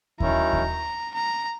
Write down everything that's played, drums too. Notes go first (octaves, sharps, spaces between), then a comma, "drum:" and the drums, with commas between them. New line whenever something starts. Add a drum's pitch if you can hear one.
D#3 F#3 C#4 E4 A#5, drum: kick D#2
drum: kick D#2
A#5